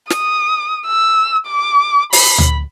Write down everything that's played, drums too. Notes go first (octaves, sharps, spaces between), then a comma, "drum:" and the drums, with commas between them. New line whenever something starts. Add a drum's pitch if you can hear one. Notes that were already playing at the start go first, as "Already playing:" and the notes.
D#6, drum: snare
E6
D6
B5, drum: open hi-hat
drum: tom D2